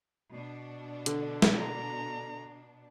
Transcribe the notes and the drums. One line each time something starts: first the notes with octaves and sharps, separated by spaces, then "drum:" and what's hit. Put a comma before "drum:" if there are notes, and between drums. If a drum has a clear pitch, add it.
B2 D4
D3, drum: hi-hat
drum: snare
A#5